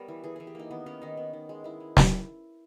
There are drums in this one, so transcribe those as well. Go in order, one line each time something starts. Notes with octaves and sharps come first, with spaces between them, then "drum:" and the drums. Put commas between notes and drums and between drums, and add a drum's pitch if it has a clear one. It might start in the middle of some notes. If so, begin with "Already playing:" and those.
Already playing: G3 B3 A#4 C#5
E3
E3 G#4
E3 G#4
G4
A#3 D#4
D#3 B3
D#3 C#4
D#3 D#4
B3
D#3
G#3
G#3 E4
G#3
drum: snare